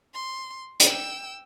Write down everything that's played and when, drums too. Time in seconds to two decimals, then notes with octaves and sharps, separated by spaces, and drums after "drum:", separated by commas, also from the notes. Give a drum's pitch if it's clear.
0.14 C6
0.80 G5 E6, drum: hi-hat